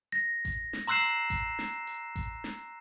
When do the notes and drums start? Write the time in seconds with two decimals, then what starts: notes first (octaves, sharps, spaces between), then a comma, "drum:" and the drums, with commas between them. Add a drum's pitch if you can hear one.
0.12 A#6
0.45 drum: kick A1, hi-hat
0.73 drum: snare
0.87 A#5 C6 E6 F#6 C7 E7
1.02 drum: hi-hat
1.30 drum: kick A1, hi-hat
1.59 drum: snare
1.87 drum: hi-hat
2.16 drum: kick A1, hi-hat
2.44 drum: snare